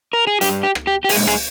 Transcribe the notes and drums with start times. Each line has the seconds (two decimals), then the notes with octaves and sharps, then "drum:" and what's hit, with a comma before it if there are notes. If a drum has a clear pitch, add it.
0.13 A#4
0.27 G#4
0.41 G2 G3 G4, drum: hi-hat
0.63 G4
0.75 drum: rim click
0.87 G4
1.04 G4
1.09 A#2 G#3 G#4, drum: open hi-hat
1.27 G#4, drum: rim click